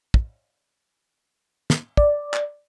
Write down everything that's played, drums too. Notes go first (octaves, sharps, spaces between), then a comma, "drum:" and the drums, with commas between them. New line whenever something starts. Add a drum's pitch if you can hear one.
drum: kick
drum: snare
D5, drum: kick
drum: clap